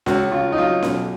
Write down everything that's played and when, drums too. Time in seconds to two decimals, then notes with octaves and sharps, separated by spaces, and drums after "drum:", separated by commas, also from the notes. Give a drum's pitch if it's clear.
0.06 C#2 F#4, drum: snare C#4
0.32 C#3 F4
0.52 D#4
0.58 F#3 F4
0.83 B1, drum: snare C#4